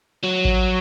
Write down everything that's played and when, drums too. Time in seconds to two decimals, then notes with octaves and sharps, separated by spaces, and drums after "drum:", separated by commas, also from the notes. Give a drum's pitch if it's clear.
0.23 F#3
0.45 drum: kick A1